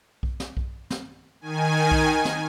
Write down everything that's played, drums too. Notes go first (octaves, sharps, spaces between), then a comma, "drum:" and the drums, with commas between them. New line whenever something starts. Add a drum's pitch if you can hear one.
drum: kick B1
drum: snare
drum: kick B1
drum: snare
D#3 G#5
drum: kick B1
drum: snare